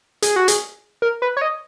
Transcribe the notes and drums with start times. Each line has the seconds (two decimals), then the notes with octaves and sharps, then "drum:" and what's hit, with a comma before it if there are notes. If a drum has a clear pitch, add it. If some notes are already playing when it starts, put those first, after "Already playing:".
0.22 G#4, drum: hi-hat
0.36 F#4
0.48 G#4, drum: hi-hat
1.02 A#4
1.22 B4
1.37 C#5
1.41 D#5